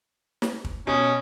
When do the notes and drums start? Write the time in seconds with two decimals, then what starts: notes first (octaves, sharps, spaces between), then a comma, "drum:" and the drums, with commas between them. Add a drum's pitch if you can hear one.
0.42 drum: snare
0.65 drum: kick
0.87 B2 C#4